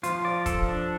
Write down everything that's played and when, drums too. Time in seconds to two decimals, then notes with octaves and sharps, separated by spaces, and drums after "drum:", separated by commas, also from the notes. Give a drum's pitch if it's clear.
0.03 F3 F4, drum: hi-hat
0.25 D5
0.46 A4, drum: kick D#1, hi-hat
0.68 D4